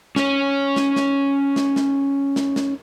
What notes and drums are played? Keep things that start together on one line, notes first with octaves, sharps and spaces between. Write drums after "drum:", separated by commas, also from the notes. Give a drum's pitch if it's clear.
C#4 C#5, drum: snare
drum: snare
drum: snare
drum: snare
drum: snare
drum: snare
drum: snare